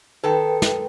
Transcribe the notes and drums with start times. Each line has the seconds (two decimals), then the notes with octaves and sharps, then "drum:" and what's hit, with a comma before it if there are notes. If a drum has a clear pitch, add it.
0.24 D#3 A4 B4 G5
0.62 drum: snare